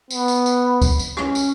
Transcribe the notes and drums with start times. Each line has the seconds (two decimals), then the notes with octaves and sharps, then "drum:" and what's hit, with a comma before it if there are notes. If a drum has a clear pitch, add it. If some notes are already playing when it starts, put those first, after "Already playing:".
0.10 B3, drum: tambourine
0.28 drum: tambourine
0.46 drum: tambourine
0.82 drum: kick C#2, tambourine
0.99 drum: tambourine
1.17 C#4, drum: rim click
1.35 drum: tambourine